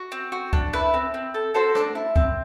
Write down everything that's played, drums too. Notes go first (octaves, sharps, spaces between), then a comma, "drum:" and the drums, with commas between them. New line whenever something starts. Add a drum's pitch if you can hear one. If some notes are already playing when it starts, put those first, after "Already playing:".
Already playing: F#4
C4
F#4
D4, drum: kick C#2
E4 B4
C4
C4
A4
F#4 A4 C5
D4, drum: rim click
E4
C4, drum: kick C#2